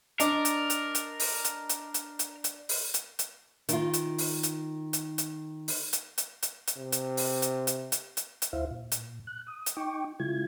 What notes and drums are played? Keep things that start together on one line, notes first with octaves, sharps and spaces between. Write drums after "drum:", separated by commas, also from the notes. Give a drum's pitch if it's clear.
D4 A#4 D#5 D6, drum: hi-hat
drum: hi-hat
drum: hi-hat
drum: hi-hat
drum: open hi-hat
drum: hi-hat
drum: hi-hat
drum: hi-hat
drum: hi-hat
drum: hi-hat
drum: open hi-hat
drum: hi-hat
drum: hi-hat
D#3 F4, drum: hi-hat
drum: hi-hat
drum: open hi-hat
drum: hi-hat
drum: hi-hat
drum: hi-hat
drum: open hi-hat
drum: hi-hat
drum: hi-hat
drum: hi-hat
drum: hi-hat
C3
drum: hi-hat
drum: open hi-hat
drum: hi-hat
drum: hi-hat
drum: hi-hat
drum: hi-hat
drum: hi-hat
D2 E4 C5 E5 F5
A#2
drum: hi-hat
F#6
D#6
drum: hi-hat
D#4 G5 C#6 D6
C#3 G#3 E4 F4 G#6